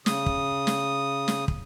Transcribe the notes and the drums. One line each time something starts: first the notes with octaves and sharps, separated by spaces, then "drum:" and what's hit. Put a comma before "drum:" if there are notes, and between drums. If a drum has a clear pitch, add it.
C#3 D#6, drum: snare
drum: kick
drum: snare
drum: snare
drum: kick